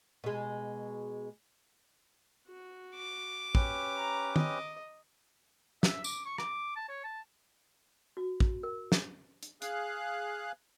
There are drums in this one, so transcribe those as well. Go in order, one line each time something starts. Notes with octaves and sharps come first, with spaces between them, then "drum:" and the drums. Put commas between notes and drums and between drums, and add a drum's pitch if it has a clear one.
B2 G#3
F#4
D6
C#4 G4 B4, drum: kick
A#5
D#5, drum: tom
E5, drum: snare
D6, drum: tambourine
C#6
D6, drum: rim click
A5
C#5
A5
F#4
drum: kick
A#4
drum: snare
drum: hi-hat
G#4 F5 F#6, drum: hi-hat